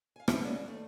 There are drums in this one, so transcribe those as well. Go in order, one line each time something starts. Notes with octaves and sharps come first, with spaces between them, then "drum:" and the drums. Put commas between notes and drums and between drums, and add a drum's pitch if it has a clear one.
F5 G#5
B4 E5, drum: rim click
A#3 B3 C#4 D4 F#4 G#4
D#2 A3